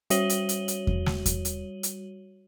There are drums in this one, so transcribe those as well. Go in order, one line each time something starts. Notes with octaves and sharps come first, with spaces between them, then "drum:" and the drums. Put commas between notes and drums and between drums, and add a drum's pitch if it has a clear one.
G3 F#4 C#5 D#7 F#7 G7, drum: hi-hat
drum: hi-hat
drum: hi-hat
drum: hi-hat
drum: kick E2
drum: snare
drum: kick E2, hi-hat
drum: hi-hat
drum: hi-hat